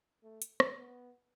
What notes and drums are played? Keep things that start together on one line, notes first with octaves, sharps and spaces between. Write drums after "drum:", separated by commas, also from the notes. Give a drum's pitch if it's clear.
A3
drum: hi-hat
drum: rim click
B3